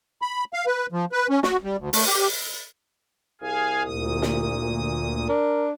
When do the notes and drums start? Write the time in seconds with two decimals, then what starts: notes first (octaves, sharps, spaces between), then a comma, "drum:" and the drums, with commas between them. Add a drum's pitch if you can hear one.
0.22 B5
0.53 F5
0.66 B4
0.92 F3
1.12 B4
1.30 C#4
1.43 F#4, drum: snare
1.63 G3
1.79 D2
1.93 A3, drum: open hi-hat
2.07 G4
3.41 C2 G#4 F5 G#5
3.85 D2 A#2 D#6
4.22 drum: snare
5.29 D4 A#4